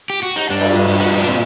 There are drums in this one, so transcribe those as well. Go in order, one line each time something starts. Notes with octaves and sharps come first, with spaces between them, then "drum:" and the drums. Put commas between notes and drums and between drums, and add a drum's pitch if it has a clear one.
G4
F#4
D#4, drum: cymbal
G2 D4
drum: cymbal
G2
F#4
D#4
D4
A#2 C4